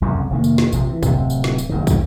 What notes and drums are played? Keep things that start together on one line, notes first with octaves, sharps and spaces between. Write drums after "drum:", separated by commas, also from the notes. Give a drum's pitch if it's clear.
F#1 C2 F2 C#3
F1 D#3 A#3
drum: tambourine
drum: snare
A#1 C3 F3, drum: tambourine
E3
D1 C3, drum: kick, tambourine
drum: tambourine
drum: snare
drum: tambourine
F#1 G2 D#3
drum: kick, tambourine